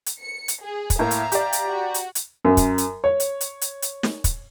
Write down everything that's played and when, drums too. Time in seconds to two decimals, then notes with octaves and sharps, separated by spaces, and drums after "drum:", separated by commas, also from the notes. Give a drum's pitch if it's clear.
0.06 drum: hi-hat
0.22 C#7
0.48 drum: hi-hat
0.62 G#4
0.90 drum: kick, hi-hat
0.99 A2 A#3 E5 F5 A#5
1.11 drum: hi-hat
1.32 G4 D5, drum: hi-hat
1.53 drum: hi-hat
1.68 F#4
1.94 drum: hi-hat
2.15 drum: hi-hat
2.45 F#2
2.57 drum: kick, hi-hat
2.78 drum: hi-hat
3.04 C#5
3.20 drum: hi-hat
3.41 drum: hi-hat
3.61 drum: hi-hat
3.82 drum: hi-hat
4.03 drum: snare
4.24 drum: kick, hi-hat